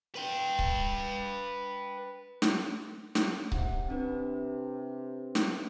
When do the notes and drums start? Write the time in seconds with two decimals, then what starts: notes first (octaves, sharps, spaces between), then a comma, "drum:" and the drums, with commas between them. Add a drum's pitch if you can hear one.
0.15 B4 G5
0.59 drum: kick C#1
2.42 drum: snare
3.15 drum: snare
3.52 C3 F#5, drum: kick C#1
3.88 C4 D4 B4
5.35 drum: snare